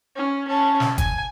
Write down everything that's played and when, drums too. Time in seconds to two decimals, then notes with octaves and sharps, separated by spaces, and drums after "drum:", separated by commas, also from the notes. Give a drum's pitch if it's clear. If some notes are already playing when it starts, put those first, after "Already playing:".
0.16 C#4
0.48 C#4 A5
0.80 drum: snare
0.98 G#5, drum: kick, hi-hat